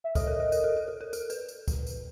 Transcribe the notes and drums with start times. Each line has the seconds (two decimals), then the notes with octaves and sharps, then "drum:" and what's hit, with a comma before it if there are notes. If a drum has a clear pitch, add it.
0.04 E5
0.15 A4 D#5, drum: kick, tambourine
0.27 A#4
0.40 A4
0.52 A#4, drum: tambourine
0.64 A4
0.77 A#4
0.88 A4
1.01 A#4
1.13 A4, drum: tambourine
1.30 B4, drum: tambourine
1.49 drum: tambourine
1.68 drum: kick, tambourine
1.87 drum: tambourine